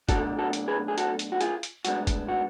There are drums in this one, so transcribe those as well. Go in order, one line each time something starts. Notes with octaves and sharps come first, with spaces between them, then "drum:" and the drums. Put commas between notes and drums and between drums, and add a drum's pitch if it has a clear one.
B1 B2 A3 D4 F#4 A4, drum: kick, hi-hat
F#4 A4
drum: hi-hat
G#4 B4
G#4
F#4 A4, drum: hi-hat
drum: hi-hat
F#4
F4 G#4, drum: hi-hat
drum: hi-hat
B1 A2 G#3 B3 D4 F#4, drum: hi-hat
drum: kick, hi-hat
F#4